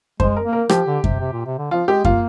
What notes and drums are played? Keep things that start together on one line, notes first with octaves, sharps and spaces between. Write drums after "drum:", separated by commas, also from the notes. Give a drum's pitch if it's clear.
G#3 C5, drum: kick F#2
A#4
A#3
A#4
F3 G4, drum: rim click
D3
C3, drum: kick F#2
C3
A#2
C3
D3
F3 F4
G#3 G4
A#3 F4, drum: kick F#2